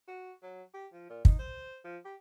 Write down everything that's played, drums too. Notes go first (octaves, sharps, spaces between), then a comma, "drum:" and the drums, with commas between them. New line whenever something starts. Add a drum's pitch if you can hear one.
F#4
F#3
G4
F3
A#2
D#4, drum: kick
C5
F3
G4